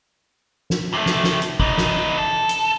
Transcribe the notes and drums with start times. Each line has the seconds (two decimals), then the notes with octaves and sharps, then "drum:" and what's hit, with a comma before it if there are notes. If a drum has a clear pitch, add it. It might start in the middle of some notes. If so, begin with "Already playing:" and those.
0.70 drum: snare
0.93 C3 A3
1.06 drum: snare
1.24 drum: snare
1.42 drum: hi-hat
1.60 E3 D#4, drum: kick
1.78 drum: snare
2.18 A4
2.49 drum: hi-hat